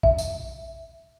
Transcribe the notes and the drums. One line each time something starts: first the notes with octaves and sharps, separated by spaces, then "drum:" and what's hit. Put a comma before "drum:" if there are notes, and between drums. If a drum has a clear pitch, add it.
E5, drum: kick A#1
drum: tambourine